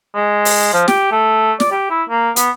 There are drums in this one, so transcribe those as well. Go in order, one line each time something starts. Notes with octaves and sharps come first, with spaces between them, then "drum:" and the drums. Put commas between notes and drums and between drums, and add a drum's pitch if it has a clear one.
G#3
drum: open hi-hat
F3
G4, drum: snare
A3
D5, drum: snare
G4
E4
A#3
B3, drum: hi-hat